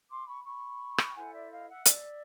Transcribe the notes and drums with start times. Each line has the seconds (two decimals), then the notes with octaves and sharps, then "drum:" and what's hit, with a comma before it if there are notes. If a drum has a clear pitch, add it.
0.09 C6 D6
0.26 B5 C#6
0.45 B5 C#6
0.98 drum: rim click
1.10 G5
1.15 E4 A4 C5 F#5 G#5
1.32 D5 E5
1.50 D#5 F5
1.68 E5 F#5
1.85 D5 E5, drum: hi-hat